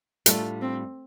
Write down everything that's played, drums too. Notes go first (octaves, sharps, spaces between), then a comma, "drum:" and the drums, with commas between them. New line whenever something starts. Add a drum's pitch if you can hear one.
A2 G3 A3 D4 F4, drum: hi-hat
C4